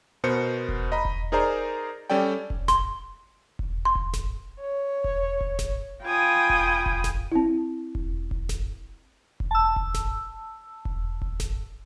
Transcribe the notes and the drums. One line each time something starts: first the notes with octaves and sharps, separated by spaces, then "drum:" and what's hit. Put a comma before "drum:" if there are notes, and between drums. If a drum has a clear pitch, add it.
B2 B3 A#4 C5 C#7
drum: kick E1
D#5 A#5 B5
drum: kick E1
D#4 G#4 A#4 C5 D5 A#5
G3 C#4 A4 D5 G5
drum: kick E1
C6, drum: snare G#1
drum: kick E1
C6
drum: kick E1
drum: snare G#1
C#5
drum: kick E1
drum: kick E1
drum: snare G#1
F4 G5 G#5 B5 D#6
drum: kick E1
drum: kick E1
drum: snare G#1
C4 E4
drum: kick E1
drum: kick E1
drum: snare G#1
drum: kick E1
A5 E6
drum: kick E1
drum: snare G#1
drum: kick E1
drum: kick E1
drum: snare G#1